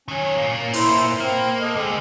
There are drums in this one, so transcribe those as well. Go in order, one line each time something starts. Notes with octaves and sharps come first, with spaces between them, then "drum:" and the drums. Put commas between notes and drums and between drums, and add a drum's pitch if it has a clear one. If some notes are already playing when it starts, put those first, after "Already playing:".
D#3 F#3 C#4
A#2 A#3
E4 C5, drum: open hi-hat
A#3 C4
A4 D#5
D3 G#3 A3 D#5